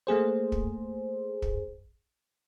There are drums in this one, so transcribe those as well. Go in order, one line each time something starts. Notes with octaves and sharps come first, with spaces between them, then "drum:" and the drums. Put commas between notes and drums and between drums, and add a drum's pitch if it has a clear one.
A3 A#3 G#4 C5
drum: kick
drum: kick